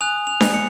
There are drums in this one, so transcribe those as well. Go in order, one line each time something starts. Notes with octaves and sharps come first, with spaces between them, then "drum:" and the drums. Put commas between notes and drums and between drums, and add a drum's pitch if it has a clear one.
G#5 D#6 F#6 F7
F7
drum: snare D4
C#7